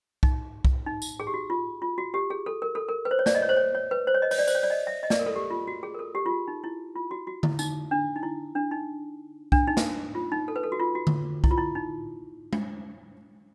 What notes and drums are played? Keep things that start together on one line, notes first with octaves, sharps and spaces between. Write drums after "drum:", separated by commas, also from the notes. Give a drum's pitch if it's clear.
D#4, drum: kick C2
drum: kick C2
D#4
drum: tambourine
G#4
G4
F#4
F4
F4
F#4
G4
G#4
A4
A#4
A4
A#4
B4
C5
C#5
D5, drum: snare
D#5
C#5
C5
C#5
C#5
B4
C5
C#5
D#5
C#5, drum: open hi-hat
D5
C5, drum: tambourine
C#5
D5
D#5
E5
D#5
D5, drum: snare
A#4
A4
G4
F4
F#4
G#4
A#4
A4
G4
F4
F#4
D#4
E4
F4
F#4
F#4
E4, drum: tom D3
D#4, drum: tambourine
D4
D#4
E4
D4
D#4
D4, drum: kick C2
D#4
drum: snare
F4
D#4
A4
B4
A4
F#4
F4
F#4
drum: tom D3
E4, drum: kick C2
F4
E4
D#4
drum: tom G#3